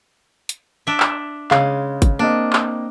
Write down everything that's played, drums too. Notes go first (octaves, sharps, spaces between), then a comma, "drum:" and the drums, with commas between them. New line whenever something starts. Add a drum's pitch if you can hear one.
drum: hi-hat
D4 E5
drum: clap
C#3 G#3 F5, drum: clap
drum: kick G#1, hi-hat
A#3 C4 D4 D#5
drum: clap